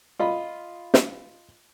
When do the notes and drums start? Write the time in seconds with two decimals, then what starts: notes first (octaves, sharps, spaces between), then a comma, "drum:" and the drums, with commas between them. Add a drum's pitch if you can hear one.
0.19 F4 D#5 B5
0.94 drum: snare